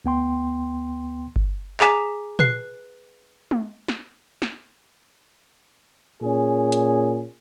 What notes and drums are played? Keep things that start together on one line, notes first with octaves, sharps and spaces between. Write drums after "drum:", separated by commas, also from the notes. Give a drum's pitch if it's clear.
D2 B3 G5 C6
drum: kick G1
G#4 G#5 A#5 D6 B6 E7, drum: clap
B4 F#6 C7, drum: tom A#2
drum: tom
drum: snare
drum: snare
A#2 C#4 G#4
drum: hi-hat